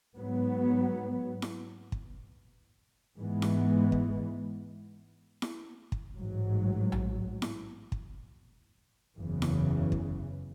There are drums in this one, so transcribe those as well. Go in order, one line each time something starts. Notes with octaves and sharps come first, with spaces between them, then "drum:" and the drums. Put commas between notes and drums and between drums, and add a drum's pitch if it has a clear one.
G#2 F#3 B3
drum: snare E4
drum: kick
G#2 E3 G#3 B3
drum: snare E4
drum: kick
drum: snare E4
drum: kick
A1 G#2 F#3
drum: tom A#1
drum: snare E4
drum: kick
F#1 E2 C#3 E3
drum: snare E4
drum: kick